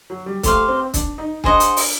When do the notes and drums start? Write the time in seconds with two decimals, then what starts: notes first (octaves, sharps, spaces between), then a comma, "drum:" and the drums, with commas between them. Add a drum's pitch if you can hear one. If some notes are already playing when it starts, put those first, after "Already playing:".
0.10 F#3
0.26 G3
0.43 A3 G4 C5 F5, drum: kick, hi-hat
0.68 C4
0.94 D4, drum: kick, hi-hat
1.18 D#4
1.44 D4 G#4 C5 D#5 F#5, drum: kick
1.60 drum: hi-hat
1.77 drum: open hi-hat